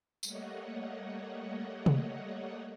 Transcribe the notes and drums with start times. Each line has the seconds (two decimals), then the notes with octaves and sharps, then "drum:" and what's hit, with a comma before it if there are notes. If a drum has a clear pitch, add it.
0.23 G3 A3 A#3 C#5 D#5 F#5, drum: tambourine
1.86 drum: tom C3